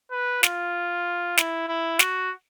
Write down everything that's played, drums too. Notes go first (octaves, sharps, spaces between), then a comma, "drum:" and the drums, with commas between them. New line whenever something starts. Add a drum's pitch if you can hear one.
B4
F4, drum: snare
E4, drum: snare
E4
F#4, drum: snare